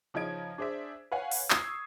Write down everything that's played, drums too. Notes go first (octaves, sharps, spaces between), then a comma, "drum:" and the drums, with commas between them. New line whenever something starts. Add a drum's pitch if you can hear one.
C#3 F3 C#4 D#4 G#6 D7
D4 G#4 C5 D5 E5
B4 C#5 F5 F#5 G#5
drum: open hi-hat
C#6 D#6 E6 G#6 C7, drum: clap